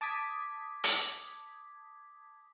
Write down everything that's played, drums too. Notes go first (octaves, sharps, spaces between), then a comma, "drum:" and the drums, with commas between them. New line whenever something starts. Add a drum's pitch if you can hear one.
A5 D6 D#6 G#6 B6
drum: hi-hat